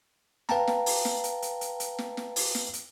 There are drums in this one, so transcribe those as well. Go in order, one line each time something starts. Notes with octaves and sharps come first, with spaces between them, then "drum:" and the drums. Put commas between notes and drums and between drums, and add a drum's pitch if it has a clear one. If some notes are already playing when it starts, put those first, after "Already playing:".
B4 F5 G5 A5 A#5, drum: snare
drum: snare
drum: open hi-hat
drum: snare
drum: hi-hat
drum: hi-hat
drum: hi-hat
drum: hi-hat
drum: snare
drum: snare
drum: open hi-hat
drum: snare
drum: hi-hat